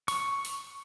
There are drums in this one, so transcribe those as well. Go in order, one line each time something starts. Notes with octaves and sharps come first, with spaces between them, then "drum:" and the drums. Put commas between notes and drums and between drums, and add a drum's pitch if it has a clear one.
C#6, drum: open hi-hat
drum: open hi-hat